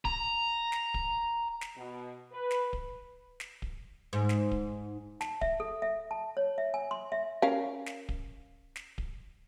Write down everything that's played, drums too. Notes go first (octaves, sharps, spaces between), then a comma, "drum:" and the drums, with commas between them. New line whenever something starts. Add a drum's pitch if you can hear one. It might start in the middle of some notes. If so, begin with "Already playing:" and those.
A#5, drum: kick D1
drum: snare
drum: kick D1
drum: snare
B2
B4
drum: snare
drum: kick D1
drum: snare
drum: kick D1
G#2
drum: snare
drum: kick D1
A5, drum: snare
E5, drum: kick D1
A4
E5
A5
C#5
E5
G#5
C6
E5
C#4 A#4 F5
drum: snare
drum: kick D1
drum: snare
drum: kick D1